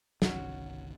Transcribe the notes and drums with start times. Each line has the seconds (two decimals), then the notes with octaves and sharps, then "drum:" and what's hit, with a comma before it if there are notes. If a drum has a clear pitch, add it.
0.22 G1 C2 D#3 C#4 F#4, drum: snare